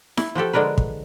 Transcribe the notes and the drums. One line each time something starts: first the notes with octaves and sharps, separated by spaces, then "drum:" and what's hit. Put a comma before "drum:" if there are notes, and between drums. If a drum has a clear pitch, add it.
E4, drum: snare E4
F3 F#4 G4 A4
D3 G#3 D4 A#4 B4
drum: kick